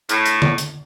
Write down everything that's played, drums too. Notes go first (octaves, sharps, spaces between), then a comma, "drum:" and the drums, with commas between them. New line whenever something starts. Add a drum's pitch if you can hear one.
A2, drum: hi-hat
drum: hi-hat
drum: tom D3
drum: hi-hat